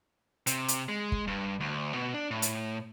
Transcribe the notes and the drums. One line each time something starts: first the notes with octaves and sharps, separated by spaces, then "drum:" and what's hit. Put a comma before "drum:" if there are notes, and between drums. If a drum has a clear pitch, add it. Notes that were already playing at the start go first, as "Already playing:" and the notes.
C3, drum: hi-hat
drum: hi-hat
G#3
drum: kick
G2
D2
B2
D4
A2
drum: hi-hat